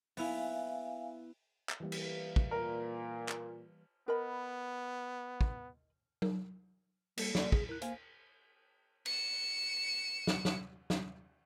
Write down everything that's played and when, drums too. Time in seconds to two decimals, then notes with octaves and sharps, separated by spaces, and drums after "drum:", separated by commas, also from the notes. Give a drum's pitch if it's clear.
0.17 B3 E4 E5 F5 G#5, drum: open hi-hat
1.69 drum: clap
1.80 E3 G3 A#3
1.92 drum: cymbal
2.36 drum: kick
2.51 A#2 A#4
3.29 drum: clap
4.08 B3 A#4 D#5 B5
5.41 drum: kick
6.22 drum: tom F#3
7.18 G3 A#3 A4 C#7, drum: cymbal
7.35 D5, drum: snare
7.52 G#4, drum: kick
7.69 E4 A#4 F#6
7.82 A#3 C5 F5 G#5, drum: hi-hat
9.06 C#7 E7, drum: cymbal
10.27 drum: snare
10.45 drum: snare
10.90 drum: snare